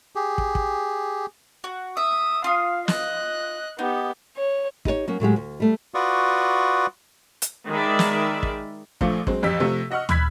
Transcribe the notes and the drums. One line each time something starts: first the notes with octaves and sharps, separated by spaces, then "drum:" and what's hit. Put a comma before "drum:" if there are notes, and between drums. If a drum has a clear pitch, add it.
G4 G#4
drum: kick
drum: kick
F#4
E5 D#6
F4 F5 D#6
D#5 F#6, drum: snare
B3 D#4 G4
C#5
D#4 G4 A4 C#5, drum: kick
F#3 A#3 C#4
A2 F#3 G#3 G4
D2
G3 A3
F4 F#4 B4 D5 C#6 D#6
drum: hi-hat
D#3 G#3 G#4 D5 E5 B5
drum: snare
drum: kick
A#1 F3 A3 F4 D6, drum: kick
F#3 G#3 C4, drum: kick
A1 F2 G4 E6 B6
C3 F3 A3
F#4 D#5 F#5 C#6 F6
B5 E6 F#6 G#6 B6, drum: tom